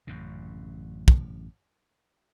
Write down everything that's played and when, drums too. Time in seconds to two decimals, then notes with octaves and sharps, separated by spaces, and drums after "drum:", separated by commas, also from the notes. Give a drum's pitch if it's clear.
0.07 A1 F#2 C#3
1.08 drum: kick